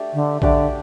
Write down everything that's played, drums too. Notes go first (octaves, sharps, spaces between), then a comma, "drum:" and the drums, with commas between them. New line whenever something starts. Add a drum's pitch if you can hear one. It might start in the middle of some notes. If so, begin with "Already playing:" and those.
Already playing: A3 D4 G4 D5
D3
D3 A3 D4 G4 D5, drum: kick A#1